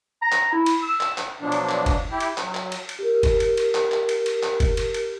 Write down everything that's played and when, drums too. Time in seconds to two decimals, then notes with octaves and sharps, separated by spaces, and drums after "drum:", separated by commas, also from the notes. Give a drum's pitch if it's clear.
0.22 A#5
0.32 drum: clap
0.53 E4
0.66 drum: cymbal
0.83 E6
1.01 drum: clap
1.18 drum: clap
1.41 B2 F3 F#3 D4
1.52 drum: cymbal
1.69 drum: clap
1.86 drum: kick, cymbal
2.11 E4 G4
2.20 drum: cymbal
2.38 F#3, drum: clap
2.55 drum: clap
2.72 drum: cymbal
2.89 drum: cymbal
2.99 G4 A#4
3.23 drum: kick, cymbal
3.40 drum: cymbal
3.57 drum: cymbal
3.75 drum: clap
3.92 drum: clap
4.09 drum: cymbal
4.26 drum: cymbal
4.43 drum: clap
4.60 drum: kick, cymbal
4.77 drum: cymbal
4.94 drum: cymbal